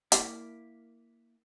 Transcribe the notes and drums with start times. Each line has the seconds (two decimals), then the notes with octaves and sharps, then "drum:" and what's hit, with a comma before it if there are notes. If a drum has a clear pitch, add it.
0.12 A#3 E4 D5, drum: hi-hat